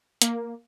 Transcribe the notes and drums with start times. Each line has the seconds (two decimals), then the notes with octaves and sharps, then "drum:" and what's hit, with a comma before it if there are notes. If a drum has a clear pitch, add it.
0.22 A#3, drum: hi-hat